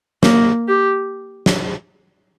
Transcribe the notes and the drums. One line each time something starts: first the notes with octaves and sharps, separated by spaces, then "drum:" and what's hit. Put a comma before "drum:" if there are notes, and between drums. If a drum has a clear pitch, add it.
A#3, drum: snare
G4
drum: snare